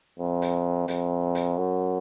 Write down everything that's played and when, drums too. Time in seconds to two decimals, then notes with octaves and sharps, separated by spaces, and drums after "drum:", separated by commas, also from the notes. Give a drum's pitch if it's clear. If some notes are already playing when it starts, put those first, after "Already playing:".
0.19 F2
0.42 drum: hi-hat
0.88 F2, drum: hi-hat
1.35 drum: hi-hat
1.58 F#2